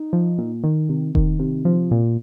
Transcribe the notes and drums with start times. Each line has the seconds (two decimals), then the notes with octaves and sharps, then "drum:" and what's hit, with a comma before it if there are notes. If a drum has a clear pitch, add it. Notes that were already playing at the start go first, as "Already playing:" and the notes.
Already playing: D#4
0.13 F3
0.38 A#2
0.64 D#3
0.89 C3
1.15 D#3, drum: kick E1
1.39 C3
1.65 F3
1.91 A#2